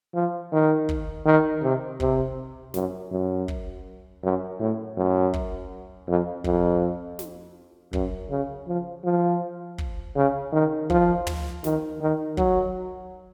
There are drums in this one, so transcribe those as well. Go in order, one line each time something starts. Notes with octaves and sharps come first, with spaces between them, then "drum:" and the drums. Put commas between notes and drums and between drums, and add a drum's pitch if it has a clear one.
F3
D#3
drum: kick
D#3
C3
C3, drum: kick
F#2, drum: snare
F#2
drum: kick
F#2
A2
F#2
drum: kick
F2
F2, drum: kick
drum: snare
F#2, drum: kick
C#3
F3
F3
drum: kick
C#3
D#3
F3, drum: kick
drum: tom
D#3, drum: snare
D#3
F#3, drum: kick